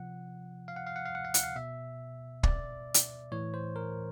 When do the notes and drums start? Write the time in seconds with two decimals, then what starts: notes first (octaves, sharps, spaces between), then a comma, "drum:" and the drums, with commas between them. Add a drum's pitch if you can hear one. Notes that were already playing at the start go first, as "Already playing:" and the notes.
Already playing: C3 F3 F#5
0.68 F5
0.76 F#5
0.87 F5
0.96 F#5
1.06 F5
1.15 F#5
1.25 F5
1.34 F#5, drum: hi-hat
1.43 F5
1.56 B2 E5
2.43 D5, drum: kick
2.94 drum: hi-hat
3.32 A2 E3 C#5
3.54 C5
3.76 A#4